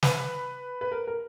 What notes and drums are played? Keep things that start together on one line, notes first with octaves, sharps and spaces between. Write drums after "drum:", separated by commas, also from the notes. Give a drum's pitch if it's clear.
B4, drum: snare
B4
A#4
A#4